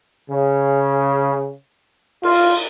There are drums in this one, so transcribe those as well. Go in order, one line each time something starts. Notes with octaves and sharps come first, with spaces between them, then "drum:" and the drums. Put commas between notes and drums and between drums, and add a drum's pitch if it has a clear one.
C#3
F4, drum: cymbal